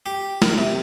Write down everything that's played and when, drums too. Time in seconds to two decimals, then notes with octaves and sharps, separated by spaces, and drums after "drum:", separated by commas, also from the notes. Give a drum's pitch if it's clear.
0.06 G4
0.42 A#4, drum: snare
0.58 C3